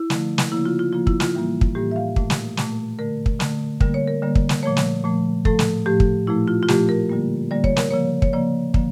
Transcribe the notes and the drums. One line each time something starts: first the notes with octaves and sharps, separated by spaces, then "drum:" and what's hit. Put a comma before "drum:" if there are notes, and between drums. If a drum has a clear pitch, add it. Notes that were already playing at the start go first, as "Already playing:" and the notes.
Already playing: E4
D3 F3 A3, drum: snare
drum: snare
C#3 F3 A#3 E4
F4
F4
C#3 F3 A#3 F4
E4, drum: kick
F4, drum: snare
A2 E3 G3 A#3
drum: kick
A2 E3 G3 A#3 G4
E5
F5
A#2 A3, drum: kick
drum: snare
A#2 A3, drum: snare
D3 A3 A#4
drum: kick
D3 A3, drum: snare
D3 G3 A#3 A#4, drum: kick
C#5
A#4
D3 G3 A#3
drum: kick
drum: snare
A#2 F3 A3 C#5
drum: snare
A#2 F3 A3
A2 F3 A3 A4, drum: kick
drum: snare
A2 F3 A3 G4
drum: kick
A#2 F3 A3 E4
F4
F4
A#2 F3 A3 G4, drum: snare
A#4
D3 G3 A#3
D3 G3 A#3 D5
C#5, drum: kick
A#4, drum: snare
C#3 F3 A#3 C#5
C#5, drum: kick
C#3 F3 A#3 D5
D3 F3 A#3, drum: kick